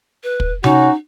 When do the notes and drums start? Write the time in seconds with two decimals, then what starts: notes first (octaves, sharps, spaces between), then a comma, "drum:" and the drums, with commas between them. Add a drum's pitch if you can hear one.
0.24 B4
0.40 drum: kick
0.64 C#4 D#4 F#4, drum: tom C3